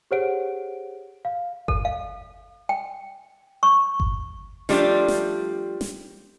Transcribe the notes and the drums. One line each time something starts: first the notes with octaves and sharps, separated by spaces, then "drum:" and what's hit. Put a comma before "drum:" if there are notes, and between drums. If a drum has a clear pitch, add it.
G4 G#4 C5 C#5 F#5 D7
F5
A4, drum: kick G1
F5
G5
C#6
drum: kick G1
F3 G3 A3 D4, drum: snare
drum: snare
drum: snare